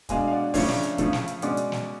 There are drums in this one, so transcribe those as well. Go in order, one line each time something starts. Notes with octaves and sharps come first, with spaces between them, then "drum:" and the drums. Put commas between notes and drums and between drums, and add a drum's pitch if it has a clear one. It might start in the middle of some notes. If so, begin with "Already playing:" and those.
B2 G#3 D4 F5 G#5, drum: kick, hi-hat
F5
D5 F#5
C#3 F3 A3 D4 C#5 F5, drum: kick, open hi-hat
drum: snare
drum: hi-hat
C#3 F3 A3, drum: kick, hi-hat
drum: snare
drum: hi-hat
B2 G#3 C#4 D5 F#5, drum: hi-hat
drum: hi-hat
drum: snare